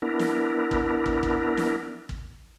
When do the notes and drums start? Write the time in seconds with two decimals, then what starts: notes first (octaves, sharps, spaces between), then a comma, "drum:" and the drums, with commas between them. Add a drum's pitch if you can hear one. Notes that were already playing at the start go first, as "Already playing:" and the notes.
0.02 B3 D4 E4 A#4
0.19 drum: snare
0.71 drum: kick
1.06 drum: kick
1.23 drum: kick
1.57 drum: snare
2.09 drum: kick